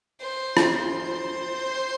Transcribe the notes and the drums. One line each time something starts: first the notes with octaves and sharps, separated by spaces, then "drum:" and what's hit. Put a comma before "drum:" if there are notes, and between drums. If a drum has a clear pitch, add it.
C5
drum: rim click
C5